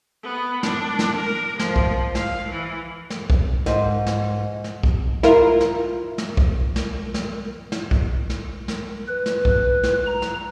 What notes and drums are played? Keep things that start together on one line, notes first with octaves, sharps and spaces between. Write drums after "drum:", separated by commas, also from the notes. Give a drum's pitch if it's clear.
B3
D4, drum: snare
drum: snare
A#4
F3, drum: snare
drum: kick B1
F5, drum: snare
E3
drum: snare
drum: kick B1
G#2, drum: snare
drum: snare
drum: snare
drum: kick B1
E4 F4 A#4, drum: snare
drum: snare
drum: snare
drum: kick B1
drum: snare
drum: snare
drum: snare
drum: kick B1
drum: snare
drum: snare
B4
drum: snare
drum: kick B1
drum: snare
A#5
drum: snare